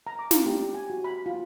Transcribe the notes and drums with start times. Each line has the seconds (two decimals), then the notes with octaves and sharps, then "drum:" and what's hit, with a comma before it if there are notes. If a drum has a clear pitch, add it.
0.07 A#5
0.19 D6
0.31 F5, drum: snare
0.46 G4
0.74 G#5
0.90 F#4
1.04 B5
1.26 F4